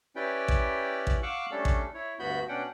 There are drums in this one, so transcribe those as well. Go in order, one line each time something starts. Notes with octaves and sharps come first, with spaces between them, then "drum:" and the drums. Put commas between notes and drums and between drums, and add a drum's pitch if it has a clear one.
C#4 E4 G4 B4 D5 G5
drum: kick A1
drum: kick A1
F5 F#5 C#6 D6 E6 F#6
G3 A3 C#4 D4 A4
drum: kick A1
E4 C#5
D2 G2 B3 F#4 B5 G6
B2 C#4 D4 F#5 G5